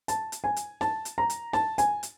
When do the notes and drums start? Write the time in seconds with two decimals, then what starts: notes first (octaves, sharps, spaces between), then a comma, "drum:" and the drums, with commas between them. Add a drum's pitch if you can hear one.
0.08 A5, drum: hi-hat
0.32 drum: hi-hat
0.44 G#5
0.56 drum: hi-hat
0.81 A5, drum: snare
1.05 drum: hi-hat
1.18 A#5
1.30 drum: hi-hat
1.53 A5, drum: snare
1.78 G#5, drum: hi-hat
2.03 drum: hi-hat